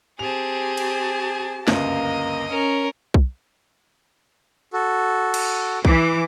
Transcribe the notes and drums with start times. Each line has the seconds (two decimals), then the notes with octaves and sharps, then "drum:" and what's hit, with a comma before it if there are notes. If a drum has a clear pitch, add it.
0.19 C4 G4 G#4 A5 F7
0.77 drum: cymbal
1.68 G1 C#2 F#2 A#3 D#5, drum: snare
2.51 C#4 A#4
3.14 drum: kick B1
4.73 F#4 A4
5.34 drum: cymbal
5.85 E3 D6, drum: kick B1